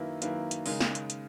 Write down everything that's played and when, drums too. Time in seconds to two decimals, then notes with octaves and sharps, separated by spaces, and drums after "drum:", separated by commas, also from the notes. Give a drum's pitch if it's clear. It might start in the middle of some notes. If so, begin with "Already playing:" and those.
Already playing: F#2 D#3 A#3 E4 B4
0.22 F#2 D#3 A#3 E4 B4, drum: hi-hat
0.51 drum: hi-hat
0.66 C#3 G#3 D#4 A#4, drum: open hi-hat
0.80 drum: snare
0.95 drum: hi-hat
1.10 drum: hi-hat